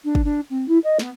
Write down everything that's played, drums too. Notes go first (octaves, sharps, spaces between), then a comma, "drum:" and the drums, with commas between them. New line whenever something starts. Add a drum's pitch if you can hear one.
D4
drum: kick
D4
C4
E4
D#5
B3, drum: snare